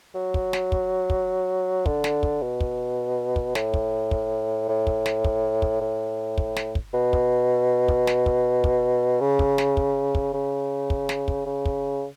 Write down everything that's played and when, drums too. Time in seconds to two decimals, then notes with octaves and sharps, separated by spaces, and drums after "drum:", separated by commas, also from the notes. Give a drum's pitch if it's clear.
0.15 F#3
0.34 drum: kick
0.53 drum: snare
0.72 drum: kick
1.10 drum: kick
1.86 D3, drum: kick
2.04 drum: snare
2.23 drum: kick
2.42 B2
2.60 drum: kick
3.36 drum: kick
3.55 A2, drum: snare
3.74 drum: kick
4.11 drum: kick
4.68 A2
4.87 drum: kick
5.06 drum: snare
5.24 drum: kick
5.62 drum: kick
5.81 A2
6.38 drum: kick
6.56 drum: snare
6.75 drum: kick
6.94 B2
7.13 drum: kick
7.88 drum: kick
8.07 drum: snare
8.26 drum: kick
8.64 drum: kick
9.21 C#3
9.39 drum: kick
9.58 drum: snare
9.77 drum: kick
10.15 drum: kick
10.33 C#3
10.90 drum: kick
11.09 drum: snare
11.28 drum: kick
11.46 C#3
11.65 drum: kick